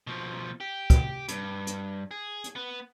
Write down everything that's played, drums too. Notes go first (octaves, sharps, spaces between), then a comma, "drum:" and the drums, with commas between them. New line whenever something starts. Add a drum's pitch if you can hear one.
B2 F3
G4
drum: kick, hi-hat
G2, drum: hi-hat
drum: hi-hat
G#4
drum: hi-hat
B3